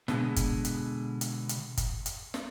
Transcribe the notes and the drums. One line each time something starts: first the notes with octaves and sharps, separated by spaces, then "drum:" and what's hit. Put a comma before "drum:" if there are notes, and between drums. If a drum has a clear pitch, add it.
B2 D3 G#3, drum: snare
drum: kick F#1, hi-hat
drum: hi-hat
drum: hi-hat
drum: hi-hat
drum: kick F#1, hi-hat
drum: hi-hat
drum: snare